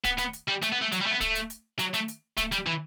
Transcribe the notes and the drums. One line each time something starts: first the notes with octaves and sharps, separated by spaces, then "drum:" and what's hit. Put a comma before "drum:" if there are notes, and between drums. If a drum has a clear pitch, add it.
B3, drum: kick D1, hi-hat
B3, drum: hi-hat
drum: hi-hat
G3
A3, drum: hi-hat
B3
A3
F#3, drum: hi-hat
G3
A3
B3
A3, drum: kick D1, hi-hat
drum: hi-hat
drum: hi-hat
F#3, drum: hi-hat
A3, drum: hi-hat
drum: hi-hat
A3, drum: kick D1, hi-hat
G3, drum: hi-hat
E3